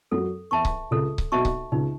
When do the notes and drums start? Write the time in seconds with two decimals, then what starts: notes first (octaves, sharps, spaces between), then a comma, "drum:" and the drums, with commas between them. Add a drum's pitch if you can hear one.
0.11 F#2 F#3 A4
0.51 E2 E3 E5 A5 C#6
0.65 drum: kick C#1
0.91 C#2 C#3 A4
1.18 drum: kick C#1
1.32 B1 B2 E5 A5 C#6
1.45 drum: kick C#1
1.72 C#2 C#3 D#4